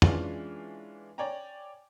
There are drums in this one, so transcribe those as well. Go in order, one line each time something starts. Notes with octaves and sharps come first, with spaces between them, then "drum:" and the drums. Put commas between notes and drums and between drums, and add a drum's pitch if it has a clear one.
E3 G#3 C#4 D4 F4, drum: tom
C#5 D5 G5 G#5 A#5